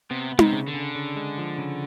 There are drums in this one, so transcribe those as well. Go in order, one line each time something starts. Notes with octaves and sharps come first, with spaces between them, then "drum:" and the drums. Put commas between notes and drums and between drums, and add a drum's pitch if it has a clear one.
C3 B3
B3
C3, drum: tom D#4
C#3
D3
C#3
C#3
G#3
F3
C#3